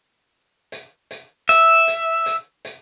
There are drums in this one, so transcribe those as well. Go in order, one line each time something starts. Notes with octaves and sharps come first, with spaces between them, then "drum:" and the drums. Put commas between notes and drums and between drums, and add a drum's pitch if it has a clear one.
drum: hi-hat
drum: hi-hat
E5, drum: hi-hat
drum: hi-hat
drum: hi-hat
drum: hi-hat